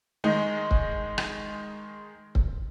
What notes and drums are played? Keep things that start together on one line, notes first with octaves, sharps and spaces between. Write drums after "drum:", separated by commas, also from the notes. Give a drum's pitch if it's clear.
D#3 G#3 D#4
drum: kick C#1
drum: rim click
drum: kick C#1